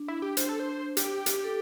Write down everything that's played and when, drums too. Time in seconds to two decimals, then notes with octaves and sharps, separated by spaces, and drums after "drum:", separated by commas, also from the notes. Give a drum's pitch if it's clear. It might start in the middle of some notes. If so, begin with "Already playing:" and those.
Already playing: D4
0.08 E4
0.22 G4
0.37 D4 C5, drum: hi-hat
0.49 A4
0.60 C5
0.97 G4, drum: hi-hat
1.26 drum: hi-hat
1.44 A4